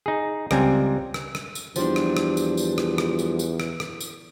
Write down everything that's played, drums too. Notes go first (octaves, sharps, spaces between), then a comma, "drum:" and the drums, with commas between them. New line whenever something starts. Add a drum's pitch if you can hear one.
D#4 G#4
C#2 G3 C4 G#5 A#5, drum: rim click
drum: rim click
drum: rim click
drum: tambourine
E2 F3 G3 D4, drum: tambourine
drum: rim click
drum: rim click
drum: tambourine
drum: tambourine
drum: rim click
drum: rim click
drum: tambourine
drum: tambourine
drum: rim click
drum: rim click
drum: tambourine